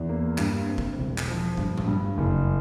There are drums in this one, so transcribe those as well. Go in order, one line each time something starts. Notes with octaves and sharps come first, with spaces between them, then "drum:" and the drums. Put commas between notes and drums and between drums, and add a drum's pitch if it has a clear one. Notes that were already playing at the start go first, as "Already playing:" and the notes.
Already playing: E2
A#3
G2, drum: clap
C4
drum: kick
E1
drum: clap
F3
G2, drum: kick
drum: tom A2
G2
F#1